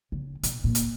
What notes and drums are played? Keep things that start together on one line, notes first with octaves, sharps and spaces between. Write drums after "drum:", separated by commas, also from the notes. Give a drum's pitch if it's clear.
C#3
B2, drum: hi-hat
A#2
drum: hi-hat